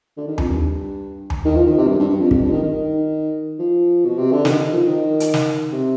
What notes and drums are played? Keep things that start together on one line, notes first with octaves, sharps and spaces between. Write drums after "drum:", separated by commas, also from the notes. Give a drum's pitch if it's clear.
D3
D#3
F2, drum: tom D#2
G2
drum: tom D#2
D#3
F3
D#3
C3
G2
G2
G2
F2
F2, drum: kick
G2
D#3
D#3
F3
B2
C3
D3
D#3, drum: snare
D#3
F3
D#3
drum: hi-hat
drum: snare
C3